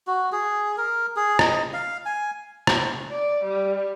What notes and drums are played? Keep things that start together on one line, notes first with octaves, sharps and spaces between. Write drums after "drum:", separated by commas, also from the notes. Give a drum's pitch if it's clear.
F#4
G#4
A#4
G#4
D#5, drum: rim click
F5
G#5
drum: rim click
D5
G3